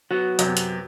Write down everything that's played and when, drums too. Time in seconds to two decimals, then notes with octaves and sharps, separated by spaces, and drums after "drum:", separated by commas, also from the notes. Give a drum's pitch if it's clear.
0.11 F#3 B3 F#4
0.39 F#2 C3, drum: hi-hat
0.57 drum: hi-hat